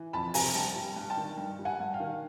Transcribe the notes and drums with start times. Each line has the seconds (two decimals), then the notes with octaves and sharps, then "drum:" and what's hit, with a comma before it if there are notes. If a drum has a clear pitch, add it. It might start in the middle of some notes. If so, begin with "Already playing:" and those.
Already playing: E3
0.13 F2 A5 B5
0.34 C3 G#5 A#5, drum: open hi-hat
0.55 G2 G5 A5
0.76 G3
0.96 G2
1.10 G5 A5
1.17 D#3
1.38 G2
1.59 G3
1.65 F#5 G#5
1.80 G2
1.93 F5 G5
2.00 D#3